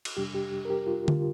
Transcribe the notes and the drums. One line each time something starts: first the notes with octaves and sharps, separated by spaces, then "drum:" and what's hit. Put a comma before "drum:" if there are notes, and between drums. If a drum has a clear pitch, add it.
drum: cymbal
F2 C3 G3 D4 G4
G4
A#4
G4
F4
F4, drum: tom D3